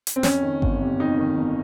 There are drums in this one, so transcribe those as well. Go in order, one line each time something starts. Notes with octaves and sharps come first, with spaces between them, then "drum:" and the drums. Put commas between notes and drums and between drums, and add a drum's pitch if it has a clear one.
drum: hi-hat
C4
F2 C#4, drum: snare
D#3
G1, drum: kick G#1
C3
F2 D#4
D#3
G1